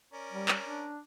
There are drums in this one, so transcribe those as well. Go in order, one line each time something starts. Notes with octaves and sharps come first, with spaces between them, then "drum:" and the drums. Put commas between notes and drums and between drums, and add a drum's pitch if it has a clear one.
C#4 A#4 D5
G3
drum: clap
D4